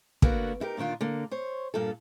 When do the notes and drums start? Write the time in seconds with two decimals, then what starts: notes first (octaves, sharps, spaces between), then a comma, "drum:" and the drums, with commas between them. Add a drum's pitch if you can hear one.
0.22 D3 A#3 B3 F#4, drum: kick
0.60 D#4 E4 G4 A#4
0.77 A#2 D3 D#3 D4 F4
1.01 D3 A#3
1.31 C5 C#5
1.74 G2 A#2 A#3 A4